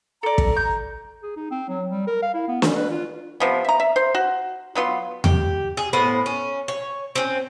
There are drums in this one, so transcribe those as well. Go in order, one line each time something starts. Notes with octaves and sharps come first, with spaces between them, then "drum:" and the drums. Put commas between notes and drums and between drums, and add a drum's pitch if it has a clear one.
A4 D5 A#5
drum: kick
G6
G#4
D#4
C4
F#3
G3
A#4
F5
E4
B3
C#4, drum: snare
B4
F4
C3 F3 B3
E5 A#5
E5
C5
F#4
F#3 B3 F4 C6
G4, drum: tom E2
G#4
A2 B3 C5 F#5
C#4
C#5
C4 C#4